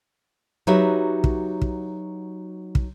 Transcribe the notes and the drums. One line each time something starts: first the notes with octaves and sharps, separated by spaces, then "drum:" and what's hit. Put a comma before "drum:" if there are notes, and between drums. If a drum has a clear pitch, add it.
F#3 D#4 F#4 G4 B4 E5
drum: kick
drum: kick
drum: kick